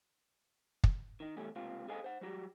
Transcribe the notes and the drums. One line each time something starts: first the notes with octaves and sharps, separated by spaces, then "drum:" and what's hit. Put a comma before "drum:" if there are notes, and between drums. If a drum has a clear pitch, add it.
drum: kick
D#3 D#4
E2 C#3 G3 A3 C#4
C#2 C3 A#3 C4 F4
G#4 A4 C5 D#5 F5 G#5
C5 F#5
F#3 G3 F#4 G4